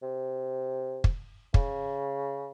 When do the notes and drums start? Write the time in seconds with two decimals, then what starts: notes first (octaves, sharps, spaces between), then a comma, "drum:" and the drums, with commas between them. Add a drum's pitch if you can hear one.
0.02 C3
1.04 drum: kick
1.54 C#3, drum: kick